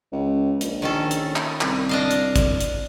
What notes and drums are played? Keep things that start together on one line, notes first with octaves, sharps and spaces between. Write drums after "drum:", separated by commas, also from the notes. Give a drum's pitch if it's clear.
C#2
A#1, drum: hi-hat
D#3 C#4 A4
drum: hi-hat
drum: clap
C2, drum: clap
D4 D#5 F5
drum: hi-hat
drum: kick, hi-hat
drum: hi-hat